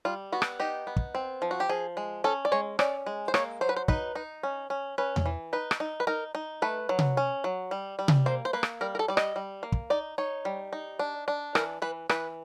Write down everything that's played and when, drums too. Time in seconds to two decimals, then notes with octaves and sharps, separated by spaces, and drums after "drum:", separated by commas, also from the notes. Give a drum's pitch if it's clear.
0.05 G3 F4
0.32 B3 F#4
0.42 drum: rim click
0.60 D#4 G4
0.87 B3
0.96 drum: kick
1.15 C4
1.42 F3
1.51 F#4
1.60 G4
1.69 F3 G#4
1.97 G#3
2.24 C#4 A4
2.45 D5
2.52 G#3 C#5
2.79 C#4 D5, drum: rim click
3.06 G#3
3.28 C5
3.34 A#3 C#5, drum: rim click
3.61 F#3 C5
3.69 B4
3.76 C5
3.88 D#4 B4, drum: kick
4.15 D#4
4.43 C#4
4.70 C#4
4.98 C#4 B4
5.16 drum: tom E2
5.26 E3
5.53 D#4 B4
5.71 drum: rim click
5.80 D#4
6.00 B4
6.07 D#4 A#4
6.35 D#4
6.62 A3 B4
6.89 F#3
6.99 drum: tom C3
7.17 C#4
7.44 F#3
7.71 G3
7.99 G3
8.08 drum: tom C3
8.26 A#3 C5
8.45 C5
8.53 A#3 B4
8.63 drum: rim click
8.81 G3 A#4
8.95 A#4
8.99 A4
9.08 G3 D5
9.17 D#5, drum: rim click
9.36 G3
9.63 A#3
9.72 drum: kick
9.90 D#4 D5
10.18 D#4 C#5
10.45 G3
10.73 D#4
10.99 D4
11.28 D4
11.55 E3 A#4, drum: rim click
11.82 E3 B4
12.09 E3 B4, drum: rim click